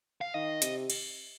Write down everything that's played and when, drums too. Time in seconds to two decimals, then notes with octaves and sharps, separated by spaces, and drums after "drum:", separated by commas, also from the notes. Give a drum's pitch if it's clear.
0.21 F5
0.34 D#3 D#5
0.62 C3, drum: hi-hat
0.90 drum: cymbal